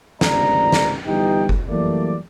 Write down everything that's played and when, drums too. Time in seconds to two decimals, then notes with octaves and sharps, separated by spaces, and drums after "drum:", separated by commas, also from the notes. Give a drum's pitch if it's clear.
0.21 G1 C#2 C3 D#3 D5 A#5, drum: snare
0.72 drum: snare
1.07 G1 G2 E3 D#4 G4 G5
1.49 drum: kick F#1
1.69 E3 F#3 G3 A3 A#3 D5